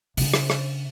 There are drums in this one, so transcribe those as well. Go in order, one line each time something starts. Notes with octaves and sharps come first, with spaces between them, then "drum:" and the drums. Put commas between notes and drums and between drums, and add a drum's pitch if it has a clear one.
C#3 D4, drum: open hi-hat
drum: rim click
drum: rim click